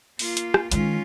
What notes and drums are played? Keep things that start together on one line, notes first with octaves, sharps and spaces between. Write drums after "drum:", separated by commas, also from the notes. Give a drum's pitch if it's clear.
A#3 F4, drum: open hi-hat
drum: hi-hat
drum: rim click
D#3 G#3 C#4 F4, drum: hi-hat